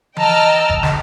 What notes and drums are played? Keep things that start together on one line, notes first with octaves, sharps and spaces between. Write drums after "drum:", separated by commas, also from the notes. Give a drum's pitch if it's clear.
D#5 G5 A5 A#5 E6 F6, drum: tom E3
drum: kick G1
drum: snare